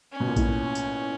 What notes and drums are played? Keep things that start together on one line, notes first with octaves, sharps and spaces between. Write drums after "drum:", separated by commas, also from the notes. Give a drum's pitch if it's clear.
C#4
B2
A#2
A2, drum: kick A#1, tambourine
drum: tambourine